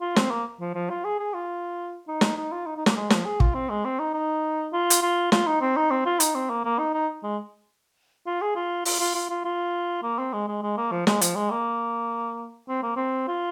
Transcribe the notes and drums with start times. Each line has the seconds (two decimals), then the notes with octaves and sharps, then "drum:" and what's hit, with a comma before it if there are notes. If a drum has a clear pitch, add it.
0.01 F4
0.16 C4, drum: snare
0.31 A#3
0.60 F3
0.75 F3
0.90 F4
1.04 G#4
1.19 G#4
1.34 F4
2.08 D#4
2.21 drum: snare
2.37 D#4
2.52 F4
2.67 D#4
2.77 D#4
2.86 A#3, drum: snare
2.96 G#3
3.10 F3, drum: snare
3.25 G#4
3.40 F4, drum: kick
3.55 C4
3.70 G#3
3.85 C4
3.99 D#4
4.14 D#4
4.73 F4
4.90 drum: hi-hat
5.02 F4
5.32 F4, drum: snare
5.47 D#4
5.61 C4
5.76 D#4
5.91 C4
6.06 F4
6.20 D#4, drum: hi-hat
6.35 C4
6.50 A#3
6.65 A#3
6.79 D#4
6.94 D#4
7.23 G#3
8.27 F4
8.42 G#4
8.56 F4
8.85 F4, drum: open hi-hat
9.00 F4
9.15 F4
9.30 F4
9.45 F4
10.03 A#3
10.19 C4
10.33 G#3
10.48 G#3
10.62 G#3
10.77 A#3
10.92 F3
11.07 G#3, drum: snare
11.21 F3, drum: hi-hat
11.36 G#3
11.51 A#3
12.68 C4
12.82 A#3
12.96 C4
13.28 F4